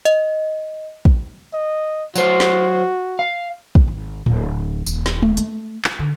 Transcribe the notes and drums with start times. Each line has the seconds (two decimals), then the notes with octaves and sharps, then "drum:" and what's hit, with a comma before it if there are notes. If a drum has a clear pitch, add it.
0.05 D#5, drum: hi-hat
1.05 drum: kick
1.54 D#5
2.16 F#3 F#4 C5, drum: tambourine
2.40 drum: snare
3.19 F5
3.75 drum: kick
3.88 G#1
4.26 D1, drum: tom A2
4.86 D#1, drum: tambourine
5.06 drum: snare
5.22 drum: tom G#3
5.37 A3, drum: hi-hat
5.84 drum: clap
5.99 D3